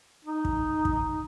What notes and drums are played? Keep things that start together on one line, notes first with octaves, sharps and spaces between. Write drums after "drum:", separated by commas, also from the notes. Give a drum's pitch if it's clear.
D#4
drum: kick
drum: kick